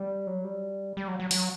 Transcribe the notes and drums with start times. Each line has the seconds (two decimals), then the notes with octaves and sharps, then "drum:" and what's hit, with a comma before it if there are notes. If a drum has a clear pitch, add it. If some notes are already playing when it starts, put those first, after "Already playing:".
Already playing: G3
0.27 F#3
0.44 G3
0.97 G3
1.08 F#3
1.20 F#3
1.31 F#3, drum: open hi-hat